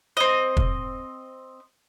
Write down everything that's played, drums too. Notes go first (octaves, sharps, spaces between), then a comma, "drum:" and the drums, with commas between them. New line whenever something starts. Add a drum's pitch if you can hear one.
C4 D#5
drum: kick